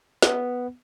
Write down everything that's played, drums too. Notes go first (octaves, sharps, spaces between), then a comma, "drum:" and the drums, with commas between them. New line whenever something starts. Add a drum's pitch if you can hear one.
B3, drum: snare